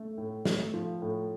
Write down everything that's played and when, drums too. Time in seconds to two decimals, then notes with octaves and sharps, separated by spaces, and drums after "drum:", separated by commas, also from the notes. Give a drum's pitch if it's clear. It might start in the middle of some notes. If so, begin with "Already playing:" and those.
Already playing: A3
0.18 A2
0.45 A3, drum: snare
0.74 F3
1.02 A2